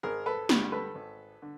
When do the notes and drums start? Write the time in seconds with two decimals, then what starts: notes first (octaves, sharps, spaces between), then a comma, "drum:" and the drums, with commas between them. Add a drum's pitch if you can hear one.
0.03 G#1 G#4 A#4
0.26 A4 B4
0.49 G2 D3 G3, drum: snare
0.72 A4 B4
0.95 G#1
1.42 D3